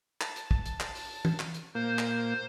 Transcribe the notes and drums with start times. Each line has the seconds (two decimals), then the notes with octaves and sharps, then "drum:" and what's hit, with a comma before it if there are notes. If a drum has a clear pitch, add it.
0.21 A5, drum: clap
0.36 drum: hi-hat
0.51 drum: kick
0.66 drum: hi-hat
0.80 drum: clap
0.95 drum: open hi-hat
1.25 drum: tom
1.40 drum: clap
1.54 drum: hi-hat
1.75 A#2 A#3 C5
1.99 drum: clap